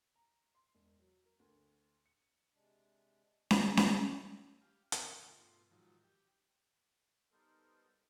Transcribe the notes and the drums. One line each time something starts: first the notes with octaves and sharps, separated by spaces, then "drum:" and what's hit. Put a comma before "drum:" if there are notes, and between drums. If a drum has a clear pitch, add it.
A#5
C6
E1
F#3
A#4
D2
C#7
C3 G#3 D4
drum: snare C#4
drum: snare C#4
G4 F5
D2 D#5 E6 F6, drum: hi-hat
G2 B2 A3 F4 C6
G#2 D#3 F3 F#3
G4
G3 B3 D#4 A4 A#4 C5